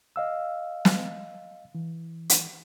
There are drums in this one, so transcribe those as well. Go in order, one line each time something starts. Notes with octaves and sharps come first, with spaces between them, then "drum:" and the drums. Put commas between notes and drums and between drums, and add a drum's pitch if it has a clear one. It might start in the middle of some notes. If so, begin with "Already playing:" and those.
D#5 F5 E6
drum: snare
E3
drum: hi-hat